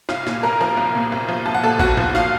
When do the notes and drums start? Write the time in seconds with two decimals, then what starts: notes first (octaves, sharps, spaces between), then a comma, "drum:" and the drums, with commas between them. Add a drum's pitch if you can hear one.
0.09 C2 F5, drum: snare
0.27 A#2, drum: snare
0.43 C2 A#4 A#5
0.60 F3 A#4 A#5
0.77 C2
0.95 A#2
1.12 C2
1.28 F3
1.46 C2 A5
1.54 F#5
1.63 A#2 A4 A5
1.79 C2 F#4 F#5, drum: kick
1.97 F3, drum: tom A2
2.15 F5, drum: snare